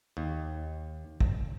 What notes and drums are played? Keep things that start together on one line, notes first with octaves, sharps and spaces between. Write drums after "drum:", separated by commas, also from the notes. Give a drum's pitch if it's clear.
D#2
drum: kick